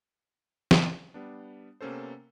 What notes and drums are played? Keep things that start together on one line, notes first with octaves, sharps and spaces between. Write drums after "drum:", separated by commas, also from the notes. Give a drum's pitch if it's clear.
drum: snare
G3 B3 D4
C3 A#3 B3 C#4 A4 C5